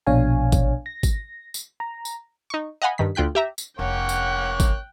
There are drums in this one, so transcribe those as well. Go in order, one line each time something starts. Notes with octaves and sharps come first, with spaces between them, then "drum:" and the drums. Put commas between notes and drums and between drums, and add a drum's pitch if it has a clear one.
A#1 B2 D4 C#5 F5 G#5
drum: kick G#1, tambourine
A#6
drum: kick G#1, tambourine
drum: tambourine
A#5
drum: tambourine
D#4 C#6
D#5 F5 F#5 G#5 B5
G2 D#3 B6
D2 F4 G5 F#6 B6
G4 E5 A#5
drum: tambourine
F1 A#3 C#4 C#5 F#5 G5 F#6
drum: tambourine
drum: kick G#1, tambourine